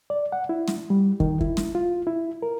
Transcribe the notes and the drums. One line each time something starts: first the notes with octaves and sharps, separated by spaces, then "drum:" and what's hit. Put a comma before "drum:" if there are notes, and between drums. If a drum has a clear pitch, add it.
D5
F#5
E4
drum: snare
G3
D#3, drum: kick
E4, drum: kick
drum: snare
F4
E4
A#4